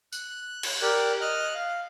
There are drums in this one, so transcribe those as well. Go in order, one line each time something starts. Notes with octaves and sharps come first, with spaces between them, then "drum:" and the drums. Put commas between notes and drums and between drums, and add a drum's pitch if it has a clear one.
F#6, drum: tambourine
drum: cymbal
G4 A#4 D5 F#6
D#5 F6 F#6
F5